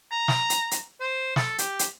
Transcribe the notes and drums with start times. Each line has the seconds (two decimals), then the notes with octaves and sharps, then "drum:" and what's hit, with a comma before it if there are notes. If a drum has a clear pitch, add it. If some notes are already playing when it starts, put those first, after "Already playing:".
0.11 A#5
0.28 drum: snare
0.50 drum: hi-hat
0.71 drum: hi-hat
1.00 C5
1.36 A4, drum: snare
1.58 G4, drum: hi-hat
1.79 drum: hi-hat